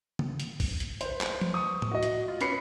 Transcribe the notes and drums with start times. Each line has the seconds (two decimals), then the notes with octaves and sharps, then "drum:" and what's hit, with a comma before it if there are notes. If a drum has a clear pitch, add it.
0.19 drum: tom
0.40 drum: hi-hat
0.60 drum: kick, open hi-hat
0.80 drum: hi-hat
1.01 B4 C5, drum: hi-hat
1.21 drum: clap
1.41 drum: tom F3
1.54 C#6 D#6
1.82 drum: tom A2
1.91 F#4 D#5
2.03 drum: hi-hat
2.28 F4
2.41 C#4 B4 B5 C7 C#7, drum: hi-hat